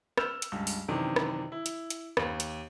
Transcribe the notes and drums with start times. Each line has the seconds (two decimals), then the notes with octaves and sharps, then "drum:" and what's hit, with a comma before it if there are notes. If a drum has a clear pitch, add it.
0.18 E6 F6 G6 E7 F7, drum: rim click
0.42 drum: hi-hat
0.52 C#2 G2
0.67 drum: open hi-hat
0.88 F#2 C3 D#3 E3 D4
1.16 drum: rim click
1.52 E4
1.66 drum: hi-hat
1.90 drum: hi-hat
2.17 D#2, drum: rim click
2.40 drum: hi-hat